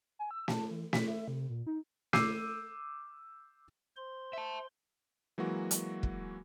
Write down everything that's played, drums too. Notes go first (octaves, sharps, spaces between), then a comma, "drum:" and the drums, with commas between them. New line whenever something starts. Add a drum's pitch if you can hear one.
G#5
E6
A5, drum: snare
E3
B6, drum: snare
E5
C3
A#2
D#4
D6 E6 G6 C7 D#7, drum: snare
C5 C6
E5 A5
E3 F#3 G#3 A#3 F#4
drum: hi-hat
drum: kick